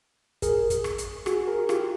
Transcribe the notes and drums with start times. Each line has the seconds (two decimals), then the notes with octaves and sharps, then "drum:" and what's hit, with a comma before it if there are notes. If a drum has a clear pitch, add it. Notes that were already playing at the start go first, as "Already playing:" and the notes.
0.42 G#4 A#4, drum: kick, hi-hat
0.70 drum: kick, hi-hat
0.84 drum: rim click
0.98 drum: hi-hat
1.26 F#4 G#4, drum: rim click
1.47 G#4 A#4
1.69 F4 G4, drum: rim click